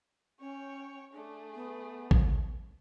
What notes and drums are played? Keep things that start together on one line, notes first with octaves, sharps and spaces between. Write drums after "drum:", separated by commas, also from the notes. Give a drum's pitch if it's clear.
C#4 C#5 G5
A3 D4 G#4
B3
drum: kick A1